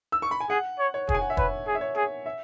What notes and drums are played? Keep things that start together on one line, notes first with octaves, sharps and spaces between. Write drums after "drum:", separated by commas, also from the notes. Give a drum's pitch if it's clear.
E6
C#6
B5
G#5
G#4 F#5
C#5
C#5
G#4, drum: kick
G#5
F#5
E5
B4 C#5, drum: kick
G#4
E5
C#5
G#4
E5